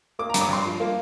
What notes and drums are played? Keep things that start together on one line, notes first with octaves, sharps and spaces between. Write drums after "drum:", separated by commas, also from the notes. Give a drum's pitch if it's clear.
A#3 D6
A#5
G2, drum: hi-hat
D6
G2 C6
F3
A#3